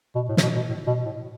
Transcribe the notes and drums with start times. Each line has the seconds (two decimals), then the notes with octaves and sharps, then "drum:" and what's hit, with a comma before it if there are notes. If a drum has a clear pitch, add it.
0.15 B2
0.29 A2
0.37 C3, drum: snare
0.42 B2
0.55 B2
0.70 A2
0.87 B2
1.05 A2